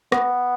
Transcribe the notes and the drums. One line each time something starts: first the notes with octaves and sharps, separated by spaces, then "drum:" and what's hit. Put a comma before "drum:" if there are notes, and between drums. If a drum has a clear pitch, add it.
B3, drum: rim click